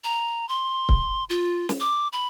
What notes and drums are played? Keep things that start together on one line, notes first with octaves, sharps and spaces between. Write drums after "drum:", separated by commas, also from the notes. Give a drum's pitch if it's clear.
A#5
C6
drum: kick C#1
F4
drum: snare
D6
B5